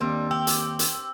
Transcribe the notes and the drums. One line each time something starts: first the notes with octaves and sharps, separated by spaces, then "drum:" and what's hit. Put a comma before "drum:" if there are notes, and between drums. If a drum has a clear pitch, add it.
D#2 G3 C4 D4
G4 E6
drum: hi-hat
drum: hi-hat